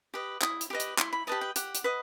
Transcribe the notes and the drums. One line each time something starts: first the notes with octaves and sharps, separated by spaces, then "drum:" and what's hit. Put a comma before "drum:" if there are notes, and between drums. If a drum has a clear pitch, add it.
G4 B4 D#5
E4 D#6, drum: clap
drum: hi-hat
G4 B4 D#5 D6
drum: hi-hat
E4 C6, drum: clap
B5
G4 B4 D#5 A5
G5
G4 F#5, drum: hi-hat
drum: hi-hat
B4 D#5